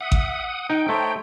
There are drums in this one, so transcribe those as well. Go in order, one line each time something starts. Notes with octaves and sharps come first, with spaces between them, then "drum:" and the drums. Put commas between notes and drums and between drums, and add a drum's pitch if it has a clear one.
E5 F#5 D#6
drum: kick A1
D#4 F#5 G5
A3 D#4 C5 C#5